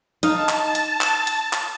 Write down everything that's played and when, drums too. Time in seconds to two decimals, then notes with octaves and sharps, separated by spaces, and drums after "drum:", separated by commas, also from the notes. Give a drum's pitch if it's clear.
0.23 D#4 F5 A5, drum: hi-hat
0.49 drum: clap
0.75 drum: hi-hat
1.01 drum: clap
1.27 drum: hi-hat
1.53 drum: clap